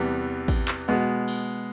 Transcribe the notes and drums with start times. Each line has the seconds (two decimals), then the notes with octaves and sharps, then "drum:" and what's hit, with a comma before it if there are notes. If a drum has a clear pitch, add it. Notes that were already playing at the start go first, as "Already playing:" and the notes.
Already playing: E2 C3 E3 G3 B3
0.48 drum: kick A1, cymbal
0.68 drum: clap
0.88 B2 G#3 B3
1.28 drum: cymbal